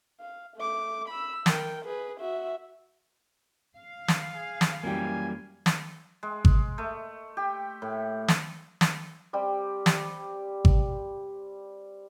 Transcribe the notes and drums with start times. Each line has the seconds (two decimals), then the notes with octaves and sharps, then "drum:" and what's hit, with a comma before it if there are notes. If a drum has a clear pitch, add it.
0.20 F5
0.57 A3 D6
1.08 B5 E6
1.46 A#4 G5, drum: snare
1.85 G#4 B4
2.20 F#4 E5
3.77 F5
4.08 drum: snare
4.35 G#4
4.61 drum: snare
4.84 F#2 E3 G3 A#3 G5 G#5
5.66 drum: snare
6.23 G#3
6.45 drum: kick G#1
6.78 A3
7.37 G4
7.82 A2
8.28 drum: snare
8.81 drum: snare
9.33 G3 C4 G4
9.86 drum: snare
10.65 drum: kick G#1